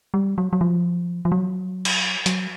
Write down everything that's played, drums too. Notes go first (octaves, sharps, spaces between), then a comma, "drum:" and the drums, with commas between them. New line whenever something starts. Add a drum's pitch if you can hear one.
G3
F#3
F#3
F3
F3
F#3
drum: cymbal
F#3, drum: hi-hat